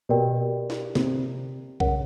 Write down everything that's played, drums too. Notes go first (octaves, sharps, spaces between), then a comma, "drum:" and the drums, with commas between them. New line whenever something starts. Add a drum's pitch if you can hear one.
B2 G4 A#4 D5 G5
drum: snare
C3, drum: snare
C#3 A#4 C#5 F#5, drum: kick B1